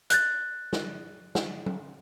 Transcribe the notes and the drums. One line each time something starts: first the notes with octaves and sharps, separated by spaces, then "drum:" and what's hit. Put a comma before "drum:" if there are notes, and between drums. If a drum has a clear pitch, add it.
F#6 G6 A6, drum: hi-hat
drum: snare
drum: snare
drum: tom F#3